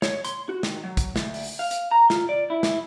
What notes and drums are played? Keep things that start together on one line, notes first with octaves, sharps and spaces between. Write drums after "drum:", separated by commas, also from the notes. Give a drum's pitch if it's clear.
C#5, drum: snare
C6, drum: hi-hat
F#4
D#3, drum: snare
F#3
drum: kick, hi-hat
D2, drum: snare
drum: open hi-hat
F5
drum: hi-hat
A#5
F4, drum: snare
D5
E4
drum: snare